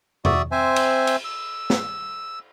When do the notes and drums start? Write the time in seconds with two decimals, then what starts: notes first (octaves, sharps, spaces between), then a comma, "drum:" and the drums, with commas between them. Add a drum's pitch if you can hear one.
0.25 F#4 D5 E5 D#6, drum: tom E2
0.52 C4 C5 E5 G#5
0.76 drum: cymbal
1.07 drum: cymbal
1.25 E6
1.70 drum: snare